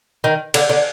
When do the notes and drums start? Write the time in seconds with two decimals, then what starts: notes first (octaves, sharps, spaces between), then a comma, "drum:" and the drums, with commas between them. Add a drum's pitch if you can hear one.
0.24 D#3
0.54 D3, drum: cymbal
0.69 D3